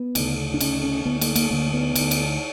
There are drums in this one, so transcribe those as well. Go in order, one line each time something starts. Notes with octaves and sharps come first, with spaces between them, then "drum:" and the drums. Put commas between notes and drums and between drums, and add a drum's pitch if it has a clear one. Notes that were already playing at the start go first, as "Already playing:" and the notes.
Already playing: B3
D2 C#3, drum: cymbal
D4
D2 C#3 C#4, drum: cymbal
C#4
D2 D3 B3
A#3, drum: cymbal
A#3, drum: cymbal
D2 D3 A#3
B3
D2 D3, drum: cymbal
drum: cymbal